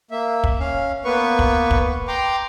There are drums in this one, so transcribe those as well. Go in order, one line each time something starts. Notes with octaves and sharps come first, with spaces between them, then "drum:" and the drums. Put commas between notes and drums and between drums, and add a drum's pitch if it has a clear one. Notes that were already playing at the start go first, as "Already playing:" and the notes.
A#3 E5
drum: kick
C#4 F5
A#3 B3 B4 C#6
drum: kick
drum: kick
G5 A#5 C6 D6